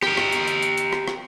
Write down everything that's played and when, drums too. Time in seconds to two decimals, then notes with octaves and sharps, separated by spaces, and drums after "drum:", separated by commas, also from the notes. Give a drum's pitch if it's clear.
0.02 G4 A#4, drum: rim click
0.17 drum: rim click
0.32 drum: hi-hat
0.48 drum: hi-hat
0.63 drum: hi-hat
0.78 drum: hi-hat
0.93 drum: rim click
1.08 drum: rim click